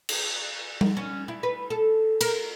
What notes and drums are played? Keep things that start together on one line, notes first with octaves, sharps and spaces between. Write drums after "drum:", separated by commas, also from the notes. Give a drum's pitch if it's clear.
drum: cymbal
drum: tom G3
C#4
E4
B4
A4
A#4, drum: cymbal